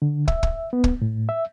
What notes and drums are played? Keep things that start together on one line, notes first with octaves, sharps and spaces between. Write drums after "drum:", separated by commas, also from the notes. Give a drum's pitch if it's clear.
D3
E5, drum: kick
drum: kick
B3
drum: kick
A2
E5